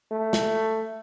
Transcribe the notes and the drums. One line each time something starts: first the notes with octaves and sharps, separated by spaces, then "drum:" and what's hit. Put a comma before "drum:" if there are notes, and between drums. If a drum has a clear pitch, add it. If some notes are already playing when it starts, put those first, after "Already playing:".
A3
drum: snare